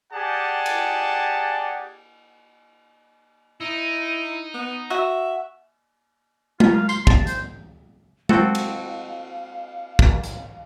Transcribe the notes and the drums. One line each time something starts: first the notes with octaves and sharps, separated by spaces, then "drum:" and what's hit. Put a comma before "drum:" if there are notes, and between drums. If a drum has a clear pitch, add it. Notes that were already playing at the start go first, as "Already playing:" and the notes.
G4 G#4 D5 F#5 G#5 A5
drum: cymbal
D#4 E4
B3
F#4 E5
F4, drum: tom G#3
F5
C6, drum: tambourine
A5, drum: kick
C5, drum: hi-hat
C4 F#4 A4 F5, drum: tom G#3
drum: cymbal
drum: kick
drum: hi-hat